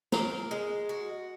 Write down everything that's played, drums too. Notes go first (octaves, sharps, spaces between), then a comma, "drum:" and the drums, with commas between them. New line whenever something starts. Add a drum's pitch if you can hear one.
A#4, drum: snare
G#3
F#4